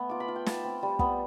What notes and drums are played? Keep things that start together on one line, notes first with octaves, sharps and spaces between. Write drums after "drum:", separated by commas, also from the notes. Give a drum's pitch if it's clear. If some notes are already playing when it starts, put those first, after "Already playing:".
Already playing: A3 B3
F4 D6
B5
F4
G5
F4 A5, drum: snare
C4
G3
B3, drum: kick